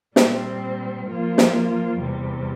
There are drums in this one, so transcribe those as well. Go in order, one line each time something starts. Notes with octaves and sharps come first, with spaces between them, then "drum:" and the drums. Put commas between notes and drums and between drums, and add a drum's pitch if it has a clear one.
A#2 G3 C4, drum: snare
F3 A#3 F4
drum: snare
E2 C3 G3